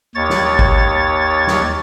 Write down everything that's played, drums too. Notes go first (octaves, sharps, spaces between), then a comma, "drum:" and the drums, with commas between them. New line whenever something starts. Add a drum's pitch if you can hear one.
D#2 C#5 A6
drum: snare
drum: kick G#1
drum: snare